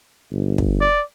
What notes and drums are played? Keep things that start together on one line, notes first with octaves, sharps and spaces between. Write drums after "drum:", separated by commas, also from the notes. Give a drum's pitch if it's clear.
G1
drum: kick
D5